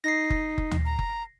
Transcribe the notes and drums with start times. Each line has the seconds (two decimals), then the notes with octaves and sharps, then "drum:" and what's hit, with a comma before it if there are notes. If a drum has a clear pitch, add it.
0.04 D#4 A#6 C7
0.30 drum: kick F#1
0.58 drum: kick F#1
0.71 drum: tom D2
0.85 A#5
0.99 drum: kick F#1